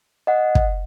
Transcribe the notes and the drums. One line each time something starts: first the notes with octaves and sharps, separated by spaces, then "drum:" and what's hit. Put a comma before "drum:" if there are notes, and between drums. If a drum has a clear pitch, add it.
D#5 F#5
drum: kick